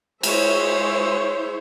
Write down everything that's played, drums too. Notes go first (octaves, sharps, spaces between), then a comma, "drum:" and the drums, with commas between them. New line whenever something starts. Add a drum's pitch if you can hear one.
G#3 E4 C5 C#5 E5, drum: cymbal